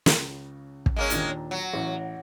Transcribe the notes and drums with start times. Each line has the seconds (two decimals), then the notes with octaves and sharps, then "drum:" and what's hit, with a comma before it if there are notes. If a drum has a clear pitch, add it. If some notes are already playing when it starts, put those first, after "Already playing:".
0.06 C#2 C#3, drum: snare
0.86 drum: kick
0.96 G#3 A#3 C#4
1.10 D#2 A#2 D4, drum: hi-hat
1.51 F#3
1.73 A1